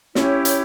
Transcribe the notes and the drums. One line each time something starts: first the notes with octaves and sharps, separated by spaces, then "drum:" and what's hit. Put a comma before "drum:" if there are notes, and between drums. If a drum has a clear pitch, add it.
C#4 E4 G4 C#5, drum: snare
drum: hi-hat